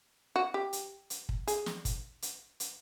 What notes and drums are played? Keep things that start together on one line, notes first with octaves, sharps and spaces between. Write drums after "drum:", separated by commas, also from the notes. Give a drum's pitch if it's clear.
F#4
G4
drum: hi-hat
drum: hi-hat
drum: kick
G#4, drum: hi-hat
drum: snare
drum: kick, hi-hat
drum: hi-hat
drum: hi-hat